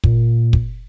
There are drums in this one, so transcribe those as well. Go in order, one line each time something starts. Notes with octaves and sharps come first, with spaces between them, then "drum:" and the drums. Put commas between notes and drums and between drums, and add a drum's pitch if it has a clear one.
A#2, drum: kick
drum: kick